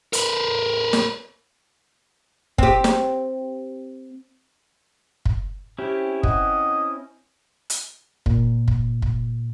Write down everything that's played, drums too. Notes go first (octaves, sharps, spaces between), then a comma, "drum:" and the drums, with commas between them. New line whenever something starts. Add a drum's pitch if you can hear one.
A#4 B4, drum: hi-hat
drum: snare
C4 G4, drum: kick
drum: snare
drum: kick
C4 C#4 E4 G4
D#5 F#5, drum: kick
drum: hi-hat
A#2, drum: kick
drum: kick
drum: kick